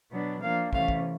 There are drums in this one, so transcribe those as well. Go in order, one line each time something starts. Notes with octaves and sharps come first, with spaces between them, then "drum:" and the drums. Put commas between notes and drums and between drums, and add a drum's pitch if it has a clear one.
B2 F#3 B3 D4
F3 A#3 D4 F5
C3 E3 A3 C#4 F5, drum: kick
drum: kick